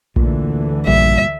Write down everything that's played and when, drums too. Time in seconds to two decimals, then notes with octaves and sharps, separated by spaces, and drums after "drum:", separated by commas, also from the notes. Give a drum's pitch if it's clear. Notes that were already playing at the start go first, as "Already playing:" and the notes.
0.16 D2 A#2 D3 E3, drum: kick A#1
0.88 A#1 G2 A#2 G3 E5